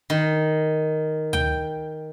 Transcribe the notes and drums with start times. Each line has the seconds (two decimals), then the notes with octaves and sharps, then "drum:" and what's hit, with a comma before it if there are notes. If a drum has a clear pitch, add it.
0.10 D#3
1.33 G5, drum: tom D2